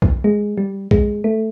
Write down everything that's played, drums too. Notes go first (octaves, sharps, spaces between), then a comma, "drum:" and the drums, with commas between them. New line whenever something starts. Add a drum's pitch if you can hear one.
drum: kick B1
G#3
G3
G#3, drum: kick B1
A3